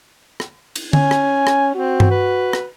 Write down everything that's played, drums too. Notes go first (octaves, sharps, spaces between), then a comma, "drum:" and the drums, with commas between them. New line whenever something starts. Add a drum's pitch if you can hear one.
drum: rim click
drum: cymbal
C#4 G#5, drum: tom D3
drum: rim click
drum: rim click
C4 F#4
drum: tom G2
B4
drum: rim click